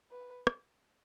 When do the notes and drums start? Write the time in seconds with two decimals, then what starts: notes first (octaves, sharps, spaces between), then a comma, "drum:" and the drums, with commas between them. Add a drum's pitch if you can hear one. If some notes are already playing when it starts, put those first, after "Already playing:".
0.11 B4
0.47 drum: rim click